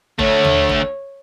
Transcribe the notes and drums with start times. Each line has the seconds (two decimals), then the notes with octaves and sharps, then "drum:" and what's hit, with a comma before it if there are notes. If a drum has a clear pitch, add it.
0.19 D2 A3 C#5, drum: kick G1
0.44 drum: tom D#2
0.69 drum: kick G1